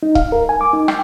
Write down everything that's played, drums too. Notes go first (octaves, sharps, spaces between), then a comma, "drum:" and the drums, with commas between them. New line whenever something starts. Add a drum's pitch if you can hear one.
D#4
F5, drum: kick C#1
A#4
G#5
D6
D#4
G5, drum: rim click